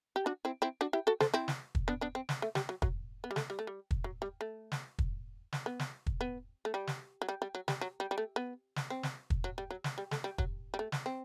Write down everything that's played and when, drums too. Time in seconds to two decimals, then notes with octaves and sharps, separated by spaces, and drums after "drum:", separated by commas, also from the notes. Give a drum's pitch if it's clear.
0.16 G4
0.26 D4 F#4
0.45 C4 E4
0.62 C4 E4
0.81 D4 F#4
0.93 E4 G4
1.07 F#4 A4
1.20 A4 C5, drum: snare
1.34 C4 E4
1.48 drum: snare
1.75 drum: kick
1.88 B3 D4
2.01 B3 D4
2.15 C4
2.29 drum: snare
2.42 A3
2.55 G3, drum: snare
2.69 F#3
2.82 F#3, drum: kick
3.24 B3
3.31 G3
3.36 A3, drum: snare
3.50 G3
3.59 A3
3.67 G3
3.91 drum: kick
4.04 F#3
4.22 G3
4.41 A3
4.72 drum: snare
4.99 drum: kick
5.53 drum: snare
5.66 B3
5.79 drum: snare
6.06 drum: kick
6.21 B3
6.65 A3
6.74 G3
6.87 drum: snare
7.22 F#3
7.29 G3
7.42 G3
7.55 F#3
7.68 G3, drum: snare
7.81 F#3
8.00 G3
8.11 G3
8.18 A3
8.36 B3
8.76 drum: snare
8.90 C4
9.03 drum: snare
9.30 drum: kick
9.44 F#3
9.58 G3
9.71 F#3
9.84 drum: snare
9.98 G3
10.11 A3, drum: snare
10.24 G3
10.38 F#3, drum: kick
10.74 G3
10.79 A3
10.92 drum: snare
11.06 C4